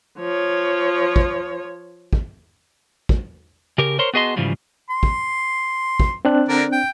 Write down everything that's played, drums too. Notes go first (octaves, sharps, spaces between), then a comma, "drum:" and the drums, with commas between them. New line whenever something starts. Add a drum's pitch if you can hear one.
F3 C#5
drum: kick
drum: kick
drum: kick
C#3 G4 A#4
A#4 C5 C#5 C6
B3 F#4 G#4 D#5 A5 C6
G#2 C#3 E3 F3 G3
C6
drum: kick
drum: kick
C4 D4 F#6
D3 A#4 D5
G5